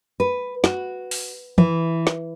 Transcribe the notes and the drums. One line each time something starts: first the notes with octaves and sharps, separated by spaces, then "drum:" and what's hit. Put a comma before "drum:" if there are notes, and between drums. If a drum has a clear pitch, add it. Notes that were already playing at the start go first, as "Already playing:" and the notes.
B4
F#4, drum: snare
drum: open hi-hat
E3, drum: tom E3
drum: snare